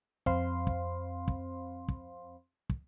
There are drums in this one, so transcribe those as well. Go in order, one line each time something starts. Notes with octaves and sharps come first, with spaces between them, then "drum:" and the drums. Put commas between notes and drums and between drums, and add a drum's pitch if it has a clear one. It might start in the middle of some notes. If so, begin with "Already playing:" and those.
F2 C4 C5 F5 B5 C6, drum: kick
drum: kick
drum: kick
drum: kick
drum: kick